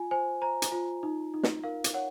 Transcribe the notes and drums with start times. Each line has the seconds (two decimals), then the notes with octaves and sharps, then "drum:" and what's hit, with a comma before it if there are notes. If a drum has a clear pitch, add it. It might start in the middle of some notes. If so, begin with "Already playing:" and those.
Already playing: F4 G#5
0.11 C5 G#5
0.41 C5 A#5
0.62 drum: hi-hat
0.72 F4
1.03 D#4
1.34 D#4
1.43 drum: snare
1.64 A#4 F5
1.84 drum: hi-hat
1.94 C#5 F#5